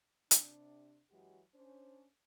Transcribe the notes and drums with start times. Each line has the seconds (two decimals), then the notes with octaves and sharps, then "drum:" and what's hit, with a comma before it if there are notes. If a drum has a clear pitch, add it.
0.31 C3 D4, drum: hi-hat
1.10 F#2 E3 F#3 G#3 F#4 G4
1.54 C#4 D4 C5